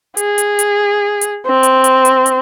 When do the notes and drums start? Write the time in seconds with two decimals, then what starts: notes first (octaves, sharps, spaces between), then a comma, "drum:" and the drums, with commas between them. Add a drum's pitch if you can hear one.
0.17 G#4, drum: hi-hat
0.38 drum: hi-hat
0.59 drum: hi-hat
1.21 drum: hi-hat
1.46 C4
1.63 drum: hi-hat
1.84 drum: hi-hat
2.05 drum: hi-hat
2.26 drum: hi-hat